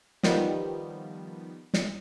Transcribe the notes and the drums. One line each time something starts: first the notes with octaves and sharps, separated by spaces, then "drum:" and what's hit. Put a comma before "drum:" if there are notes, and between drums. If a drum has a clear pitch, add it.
D#3 F3 G3 B3, drum: snare
drum: snare